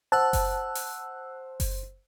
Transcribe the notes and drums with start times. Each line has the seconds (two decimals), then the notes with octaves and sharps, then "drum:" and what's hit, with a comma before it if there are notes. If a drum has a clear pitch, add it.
0.12 C5 F#5 A5 E6 F#6
0.33 drum: kick F#1, open hi-hat
0.75 drum: open hi-hat
1.60 drum: kick F#1, open hi-hat